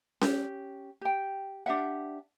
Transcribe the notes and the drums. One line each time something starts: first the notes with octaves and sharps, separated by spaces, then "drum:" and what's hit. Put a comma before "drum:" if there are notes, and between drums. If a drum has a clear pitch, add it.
C#4 G4, drum: snare C#4
G4 G5
D4 G4 E5 F#5